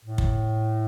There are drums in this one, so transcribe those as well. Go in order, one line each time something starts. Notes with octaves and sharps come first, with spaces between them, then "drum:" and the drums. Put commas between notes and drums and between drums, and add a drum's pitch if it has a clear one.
A2
drum: kick